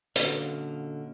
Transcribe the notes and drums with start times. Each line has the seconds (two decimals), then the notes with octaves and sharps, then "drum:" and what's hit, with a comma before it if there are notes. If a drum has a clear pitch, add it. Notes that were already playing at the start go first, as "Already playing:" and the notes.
0.16 A#2 D3 C#4 F#4 F5, drum: hi-hat